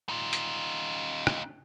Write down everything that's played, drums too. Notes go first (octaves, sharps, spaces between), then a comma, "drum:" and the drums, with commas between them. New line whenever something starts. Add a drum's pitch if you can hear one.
D#4 F4
drum: hi-hat
drum: rim click